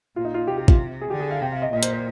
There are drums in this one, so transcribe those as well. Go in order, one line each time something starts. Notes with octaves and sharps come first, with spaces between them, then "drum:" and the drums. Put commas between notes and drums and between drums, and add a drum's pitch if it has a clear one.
A#2 F4
D#4
F4
C3 G4
G4
F4, drum: kick A1
G#4
D3 G4
G#4
F5
C3 G5
F5
D#5
A#2 D#5
C5, drum: hi-hat
C5